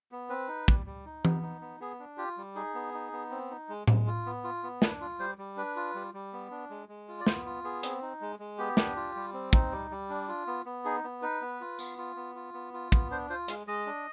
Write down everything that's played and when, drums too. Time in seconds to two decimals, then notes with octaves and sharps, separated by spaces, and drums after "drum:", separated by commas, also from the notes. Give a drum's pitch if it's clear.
0.12 B3
0.29 C4 B4
0.48 D#4
0.68 G3, drum: kick
0.86 G3
1.06 D#4
1.25 B3, drum: tom E3
1.43 D#4
1.61 B3
1.80 B3 G#4
1.99 D4
2.18 F4 G4
2.37 G3
2.55 D#4 G#4
2.74 B3
2.94 D#4
3.12 B3
3.31 C4
3.51 D#4
3.69 G#3
3.87 G#3, drum: tom A2
4.07 F4
4.26 B3
4.44 F4
4.63 B3
4.82 D4 B4, drum: snare
5.01 F4
5.19 G3 C5
5.38 G3
5.57 D4 B4
5.76 F4
5.95 G3
6.14 G3
6.33 B3
6.51 D4
6.70 G#3
6.89 G#3
7.08 F4
7.20 D5
7.27 B3 C5, drum: snare
7.46 F4
7.64 B3 G#4
7.83 C4, drum: hi-hat
8.02 D#4
8.21 G#3
8.39 G#3
8.58 B3 G4
8.77 D4, drum: snare
8.96 F4
9.16 G3
9.33 C4
9.53 D#4, drum: kick
9.72 G3
9.91 G3
10.10 D4
10.28 F4
10.47 B3
10.65 B3
10.85 D#4 G#4
11.04 B3
11.22 D#4 B4
11.41 B3
11.61 F4
11.79 B3, drum: tambourine
11.98 F4
12.16 B3
12.35 F4
12.54 B3
12.73 F4
12.92 B3, drum: kick
13.11 D4 C5
13.30 F4 C5
13.48 G#3 F5, drum: hi-hat
13.67 G#3 D#5
13.86 D4